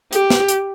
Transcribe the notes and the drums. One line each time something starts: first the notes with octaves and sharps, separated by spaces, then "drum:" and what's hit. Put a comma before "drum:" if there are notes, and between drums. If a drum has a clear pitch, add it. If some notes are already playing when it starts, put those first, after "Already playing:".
G4, drum: hi-hat
drum: snare
drum: hi-hat